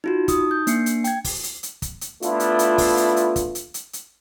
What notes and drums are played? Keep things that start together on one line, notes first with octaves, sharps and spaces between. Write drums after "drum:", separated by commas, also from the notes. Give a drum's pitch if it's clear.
D#4 F4 F#4
D#4 D#6, drum: kick, hi-hat
G6
A#3 D4 C7 C#7, drum: hi-hat
drum: hi-hat
G5 G#6, drum: hi-hat
drum: kick, open hi-hat
drum: hi-hat
drum: hi-hat
drum: kick, hi-hat
drum: hi-hat
A3 B3 D4 E4 F4, drum: hi-hat
drum: hi-hat
drum: hi-hat
drum: kick, open hi-hat
drum: hi-hat
drum: hi-hat
drum: kick, hi-hat
drum: hi-hat
drum: hi-hat
drum: hi-hat